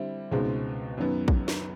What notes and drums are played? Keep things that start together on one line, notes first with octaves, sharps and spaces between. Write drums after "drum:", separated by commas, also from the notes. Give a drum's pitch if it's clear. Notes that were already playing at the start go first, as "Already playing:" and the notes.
Already playing: D3 G3 C4 E4
C#2 B2 G#3 C4 D#4
F#2 D#3 F#3 B3
drum: kick
drum: snare